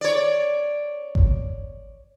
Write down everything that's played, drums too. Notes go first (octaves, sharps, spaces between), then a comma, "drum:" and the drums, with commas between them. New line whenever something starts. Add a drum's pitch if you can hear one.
C#5 D5
drum: kick G#1